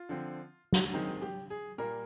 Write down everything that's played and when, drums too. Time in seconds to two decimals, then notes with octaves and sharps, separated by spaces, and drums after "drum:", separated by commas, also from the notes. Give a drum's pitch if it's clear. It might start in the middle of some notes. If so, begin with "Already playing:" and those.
Already playing: F4
0.09 D3 F3 C4
0.73 drum: snare
0.93 D#3 G#3 C4 D#4
1.22 G4
1.50 G#4
1.78 A#2 G3 A#3 A#4